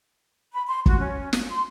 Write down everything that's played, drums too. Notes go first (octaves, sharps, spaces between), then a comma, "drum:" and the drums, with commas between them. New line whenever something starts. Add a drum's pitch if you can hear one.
B5
C6
F#4, drum: kick
C#4
drum: snare
C6